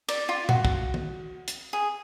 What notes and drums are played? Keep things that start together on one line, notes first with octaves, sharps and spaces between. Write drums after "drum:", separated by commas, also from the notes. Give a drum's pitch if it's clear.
D5, drum: cymbal
F4
F#4, drum: tom A#2
drum: kick
drum: tom
drum: hi-hat
G#4